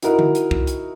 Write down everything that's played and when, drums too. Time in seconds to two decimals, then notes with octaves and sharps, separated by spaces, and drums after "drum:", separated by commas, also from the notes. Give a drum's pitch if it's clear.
0.02 D#4 E4 F#4 A#4, drum: hi-hat
0.19 drum: tom D3
0.35 drum: hi-hat
0.51 drum: kick C2
0.67 drum: hi-hat